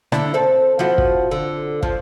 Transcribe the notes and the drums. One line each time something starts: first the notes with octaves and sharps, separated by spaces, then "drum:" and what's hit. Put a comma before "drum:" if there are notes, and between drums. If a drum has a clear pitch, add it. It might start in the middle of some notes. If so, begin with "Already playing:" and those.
D3 D4 E4, drum: rim click
C4 A4
F3 E4 F#4
drum: kick
D3
F3, drum: kick